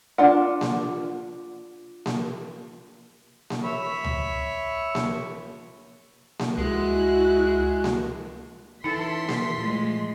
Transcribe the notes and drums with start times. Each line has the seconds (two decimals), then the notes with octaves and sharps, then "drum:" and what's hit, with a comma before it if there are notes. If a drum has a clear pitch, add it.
0.18 D4 F4 F#5
0.61 drum: snare A#3
2.06 drum: snare A#3
3.50 drum: snare A#3
3.64 C#5 E5 B5
4.04 drum: tom C#2
4.95 drum: snare A#3
6.39 drum: snare A#3
6.57 C#2 G#3 E4 F#4 F#6
7.84 drum: snare A#3
8.84 E3 C#4 D#4 E4 A4 C6 B6
9.29 drum: snare A#3
9.57 A#2 F3 G#3 A3